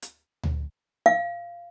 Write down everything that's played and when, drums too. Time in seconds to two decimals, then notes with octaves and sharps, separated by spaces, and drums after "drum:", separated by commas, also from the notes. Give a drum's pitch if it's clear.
0.02 drum: hi-hat
0.43 drum: tom D2
1.06 F5